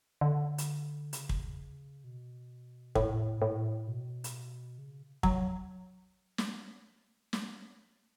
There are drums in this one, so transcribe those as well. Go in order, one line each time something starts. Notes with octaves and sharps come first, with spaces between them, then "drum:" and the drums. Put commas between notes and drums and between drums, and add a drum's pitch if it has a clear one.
D3
drum: hi-hat
C#3, drum: hi-hat
drum: kick
B2
A2, drum: kick
A2
B2
drum: hi-hat
C#3
F#3, drum: kick
drum: snare
drum: snare